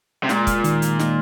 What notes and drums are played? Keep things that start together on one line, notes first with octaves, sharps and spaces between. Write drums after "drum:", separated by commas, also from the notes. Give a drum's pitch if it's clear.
C3
A#2 G#3, drum: snare
drum: kick, hi-hat
D#3, drum: hi-hat
drum: hi-hat
D#4, drum: snare